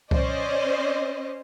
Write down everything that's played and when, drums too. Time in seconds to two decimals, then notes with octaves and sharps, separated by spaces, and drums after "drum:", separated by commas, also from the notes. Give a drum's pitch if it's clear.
0.11 C#4 C5 D5 D#5, drum: kick C2